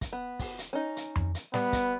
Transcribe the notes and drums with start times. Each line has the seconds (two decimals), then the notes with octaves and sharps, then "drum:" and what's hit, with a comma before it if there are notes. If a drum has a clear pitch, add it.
0.01 drum: kick, hi-hat
0.13 B3
0.39 drum: kick, open hi-hat
0.58 drum: hi-hat
0.73 C#4 D#4
0.97 drum: hi-hat
1.16 drum: tom F2
1.35 drum: hi-hat
1.54 G3 B3, drum: snare
1.73 drum: kick, hi-hat